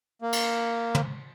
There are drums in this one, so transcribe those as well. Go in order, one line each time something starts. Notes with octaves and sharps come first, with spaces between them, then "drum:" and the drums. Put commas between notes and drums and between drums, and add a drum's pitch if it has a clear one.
A#3
drum: cymbal
drum: tom